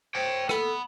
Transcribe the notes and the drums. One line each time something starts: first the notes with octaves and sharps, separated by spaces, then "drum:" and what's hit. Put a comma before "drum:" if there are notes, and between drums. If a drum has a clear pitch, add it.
C5 C#5 G5
A4 F#5 B5, drum: rim click